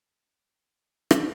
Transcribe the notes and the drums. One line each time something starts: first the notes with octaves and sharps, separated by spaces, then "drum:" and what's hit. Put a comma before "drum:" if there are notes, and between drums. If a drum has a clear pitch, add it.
A1 C#4 A4 D5 C#6
drum: rim click